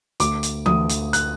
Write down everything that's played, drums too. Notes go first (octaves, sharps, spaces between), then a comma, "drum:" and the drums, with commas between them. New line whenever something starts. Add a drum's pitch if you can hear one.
D2 D6, drum: hi-hat
drum: hi-hat
D2 D#6, drum: tom E3
drum: hi-hat
F#6, drum: hi-hat